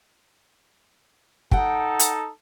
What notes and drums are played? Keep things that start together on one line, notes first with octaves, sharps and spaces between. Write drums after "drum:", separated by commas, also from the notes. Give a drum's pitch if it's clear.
D#4 A4 F#5 G5, drum: kick
drum: hi-hat